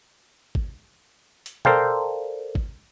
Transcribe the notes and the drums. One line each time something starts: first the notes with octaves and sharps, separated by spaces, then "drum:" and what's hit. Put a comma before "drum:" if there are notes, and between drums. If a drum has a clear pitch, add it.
drum: kick G#1
drum: hi-hat
A4 A#4 C5 D5 F5 G5, drum: tom B2
drum: kick G#1